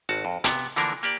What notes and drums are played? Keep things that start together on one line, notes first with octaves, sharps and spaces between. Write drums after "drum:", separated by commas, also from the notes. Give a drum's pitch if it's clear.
G#1 F#4 A5
F2
C3 B3, drum: hi-hat
D3 E3 F3 A#3 D4 A#4
A#3 G4 D5